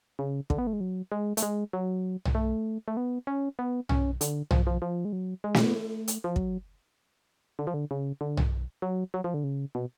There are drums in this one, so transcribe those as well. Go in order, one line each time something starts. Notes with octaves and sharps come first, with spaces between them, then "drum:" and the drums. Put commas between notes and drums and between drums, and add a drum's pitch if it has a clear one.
C#3
D3, drum: kick
B3
A3
G#3
F#3
G#3
A3, drum: hi-hat
G#3
F#3
drum: tom
A3
A3
B3
C#4
B3
C#4, drum: tom
D3, drum: hi-hat
F3, drum: tom
F3
F3
G#3
F#3
G#3
drum: snare
B3
A3
drum: hi-hat
F3
F#3, drum: kick
D3
F3
D3
C#3
D3
drum: tom
F#3
F#3
F3
D3
C#3
B2